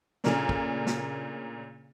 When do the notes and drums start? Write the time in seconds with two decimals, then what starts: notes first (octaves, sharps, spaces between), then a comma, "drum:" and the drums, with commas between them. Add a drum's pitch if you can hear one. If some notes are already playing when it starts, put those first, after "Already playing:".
0.24 A#2 C#3 A3 A#3 D4, drum: snare
0.49 drum: kick
0.87 drum: snare